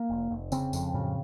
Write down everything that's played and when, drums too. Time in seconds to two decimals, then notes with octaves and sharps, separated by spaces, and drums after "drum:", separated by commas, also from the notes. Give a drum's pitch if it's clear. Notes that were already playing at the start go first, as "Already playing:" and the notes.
Already playing: A#3
0.10 F1
0.31 F1
0.52 C#3 C4, drum: tambourine
0.73 F2, drum: tambourine
0.94 C#3, drum: tom A2